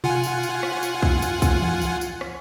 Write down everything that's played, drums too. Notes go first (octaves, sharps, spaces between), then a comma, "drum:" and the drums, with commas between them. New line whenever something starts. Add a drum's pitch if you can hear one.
F4 F#5 G#5, drum: tom B2
drum: tambourine
drum: tambourine
drum: rim click
drum: tambourine
drum: kick
drum: tambourine
drum: kick, tambourine
drum: tom E3
drum: tambourine
drum: tambourine
drum: rim click